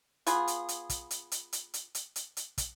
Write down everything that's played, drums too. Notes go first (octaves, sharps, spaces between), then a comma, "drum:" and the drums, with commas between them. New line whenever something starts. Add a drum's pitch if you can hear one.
B3 F4 G#4, drum: hi-hat
drum: hi-hat
drum: hi-hat
drum: kick, hi-hat
drum: hi-hat
drum: hi-hat
drum: hi-hat
drum: hi-hat
drum: hi-hat
drum: hi-hat
drum: hi-hat
drum: kick, hi-hat